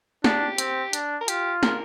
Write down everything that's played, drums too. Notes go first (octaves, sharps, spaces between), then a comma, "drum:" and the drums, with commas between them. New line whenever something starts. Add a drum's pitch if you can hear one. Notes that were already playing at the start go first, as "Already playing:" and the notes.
D4 G4, drum: snare
C4, drum: hi-hat
D4, drum: hi-hat
A#4
F4 G4, drum: hi-hat
A#4, drum: snare